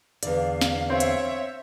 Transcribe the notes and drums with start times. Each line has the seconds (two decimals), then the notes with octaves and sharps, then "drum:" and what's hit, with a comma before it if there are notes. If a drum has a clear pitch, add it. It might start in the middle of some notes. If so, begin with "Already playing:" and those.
0.23 E2 D3 D5 F5, drum: hi-hat
0.61 drum: snare
0.90 C4 C#5 E5
1.00 drum: hi-hat